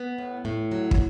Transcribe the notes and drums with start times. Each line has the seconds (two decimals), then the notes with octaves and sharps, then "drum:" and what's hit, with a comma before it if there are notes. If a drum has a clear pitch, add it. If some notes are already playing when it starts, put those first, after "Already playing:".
Already playing: B3
0.18 A2
0.45 A2
0.71 F#3
0.91 drum: kick